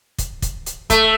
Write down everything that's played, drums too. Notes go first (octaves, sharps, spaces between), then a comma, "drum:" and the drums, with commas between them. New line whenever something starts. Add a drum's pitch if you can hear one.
drum: kick, hi-hat
drum: kick, hi-hat
drum: hi-hat
A3, drum: kick, hi-hat